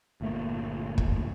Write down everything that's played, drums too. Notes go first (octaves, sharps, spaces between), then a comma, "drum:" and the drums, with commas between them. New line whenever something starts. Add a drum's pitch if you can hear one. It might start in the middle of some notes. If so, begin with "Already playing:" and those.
G1 A#2 A3 A#3
drum: kick